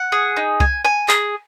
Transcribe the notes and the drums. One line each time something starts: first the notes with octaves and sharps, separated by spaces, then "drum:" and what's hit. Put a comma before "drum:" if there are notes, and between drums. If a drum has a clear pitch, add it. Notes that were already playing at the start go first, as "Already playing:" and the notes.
Already playing: F#5
G#4
D#4
G#5, drum: kick C2
G#5
G#4, drum: clap